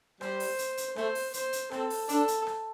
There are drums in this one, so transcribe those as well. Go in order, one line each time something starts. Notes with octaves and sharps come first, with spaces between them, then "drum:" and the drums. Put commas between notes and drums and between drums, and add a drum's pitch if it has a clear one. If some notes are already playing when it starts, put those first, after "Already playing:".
G3 C5, drum: rim click
drum: open hi-hat
drum: hi-hat
drum: hi-hat
A3 C5, drum: rim click
drum: open hi-hat
C5, drum: hi-hat
drum: hi-hat
C4 A4, drum: rim click
drum: open hi-hat
D4 A4, drum: hi-hat
drum: hi-hat
drum: rim click